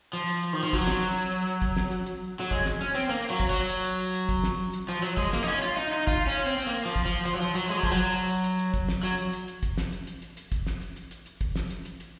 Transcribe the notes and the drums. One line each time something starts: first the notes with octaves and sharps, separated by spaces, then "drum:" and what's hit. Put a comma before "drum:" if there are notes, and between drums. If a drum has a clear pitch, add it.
F3, drum: hi-hat
drum: hi-hat
drum: hi-hat
D#3
F3
F#3, drum: kick
drum: snare
drum: hi-hat
drum: hi-hat
drum: hi-hat
drum: hi-hat
drum: kick, hi-hat
drum: snare
drum: hi-hat
drum: hi-hat
F#3
G#3, drum: kick, hi-hat
drum: snare
C#4, drum: hi-hat
C4, drum: hi-hat
A#3, drum: hi-hat
F#3
drum: kick, hi-hat
F#3
drum: hi-hat
drum: hi-hat
drum: hi-hat
drum: hi-hat
drum: kick, hi-hat
drum: snare
drum: hi-hat
F3, drum: hi-hat
F#3, drum: hi-hat
G#3, drum: kick, hi-hat
A#3, drum: snare
D#4
C#4, drum: hi-hat
F4, drum: hi-hat
D#4, drum: hi-hat
D#4, drum: hi-hat
F4, drum: kick, hi-hat
C#4
C4
C4
A#3, drum: hi-hat
F3
drum: kick, hi-hat
F3
F3, drum: hi-hat
F#3
F3, drum: hi-hat
F#3, drum: hi-hat
G#3, drum: hi-hat
F#3
F3, drum: kick, hi-hat
F#3
drum: hi-hat
drum: hi-hat
drum: hi-hat
drum: kick, hi-hat
drum: snare
F#3, drum: hi-hat
drum: hi-hat
drum: hi-hat
drum: hi-hat
drum: kick, hi-hat
drum: snare
drum: hi-hat
drum: hi-hat
drum: hi-hat
drum: hi-hat
drum: kick, hi-hat
drum: snare
drum: hi-hat
drum: hi-hat
drum: hi-hat
drum: hi-hat
drum: kick, hi-hat
drum: snare
drum: hi-hat
drum: hi-hat
drum: hi-hat